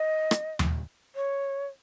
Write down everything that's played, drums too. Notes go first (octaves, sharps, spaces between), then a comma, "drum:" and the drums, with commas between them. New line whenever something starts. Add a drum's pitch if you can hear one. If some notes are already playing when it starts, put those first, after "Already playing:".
Already playing: D#5
drum: rim click
drum: tom D#2
C#5